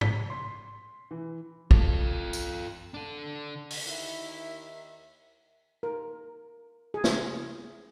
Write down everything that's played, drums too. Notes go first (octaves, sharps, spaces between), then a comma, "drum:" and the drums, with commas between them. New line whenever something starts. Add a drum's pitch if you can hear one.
B6, drum: tom
C6
E3
F4 A4, drum: kick
drum: tambourine
D4 A4
drum: open hi-hat
D#2 D#3 E4 E5
A#4
G#4
drum: snare